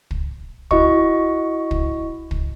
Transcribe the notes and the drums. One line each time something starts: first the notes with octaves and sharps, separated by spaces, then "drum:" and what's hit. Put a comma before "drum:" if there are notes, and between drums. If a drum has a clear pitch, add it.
drum: kick
E4 F#4 D#5 C#6, drum: kick
drum: kick
drum: kick